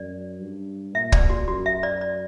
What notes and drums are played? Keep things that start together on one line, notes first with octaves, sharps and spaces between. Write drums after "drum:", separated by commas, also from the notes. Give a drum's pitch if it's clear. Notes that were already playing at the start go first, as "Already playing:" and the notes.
Already playing: F#2 D5
G2
A#2 E5
D5, drum: kick
F#4
F#2 F#4
E5
D5
D5